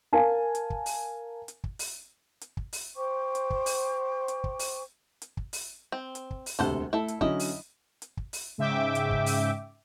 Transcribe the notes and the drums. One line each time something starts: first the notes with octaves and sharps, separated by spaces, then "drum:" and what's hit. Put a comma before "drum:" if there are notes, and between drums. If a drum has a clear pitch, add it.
A#4 F5 G#5 A5
drum: hi-hat
drum: kick
drum: open hi-hat
drum: hi-hat
drum: kick
drum: open hi-hat
drum: hi-hat
drum: kick
drum: open hi-hat
C5 G5 C#6 D6
drum: hi-hat
drum: kick
drum: open hi-hat
drum: hi-hat
drum: kick
drum: open hi-hat
drum: hi-hat
drum: kick
drum: open hi-hat
C4
drum: hi-hat
drum: kick
drum: open hi-hat
E1 D2 C3 A4 C5 F#5
A3 E4 A4
drum: hi-hat
D3 F#3 C#4 E4 D#5, drum: kick
drum: open hi-hat
drum: hi-hat
drum: kick
drum: open hi-hat
G#2 C#3 E5 G5 D6
drum: hi-hat
drum: kick
drum: open hi-hat